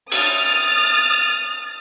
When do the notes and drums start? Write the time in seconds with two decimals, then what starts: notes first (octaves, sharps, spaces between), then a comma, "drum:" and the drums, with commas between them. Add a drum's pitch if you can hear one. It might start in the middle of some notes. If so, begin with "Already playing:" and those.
0.11 D#6 F6 A6, drum: cymbal